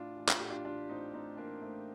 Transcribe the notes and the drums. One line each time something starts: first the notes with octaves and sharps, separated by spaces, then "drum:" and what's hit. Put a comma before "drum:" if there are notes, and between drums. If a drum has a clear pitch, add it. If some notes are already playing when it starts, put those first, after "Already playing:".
Already playing: A2 D4 F4
A1
F4, drum: clap
A2 G4
D4 F4
A1 D4 F4
A2 C4 D#4
A2 C4 D#4
A1 A#3 D4
A1 A3 C4